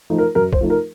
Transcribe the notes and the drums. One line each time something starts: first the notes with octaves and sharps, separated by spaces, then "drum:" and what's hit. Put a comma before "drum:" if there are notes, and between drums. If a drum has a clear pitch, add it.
F3 A3 D#4
A#4
F#2 A#4
C5, drum: kick
F3 A3 D#4
A#4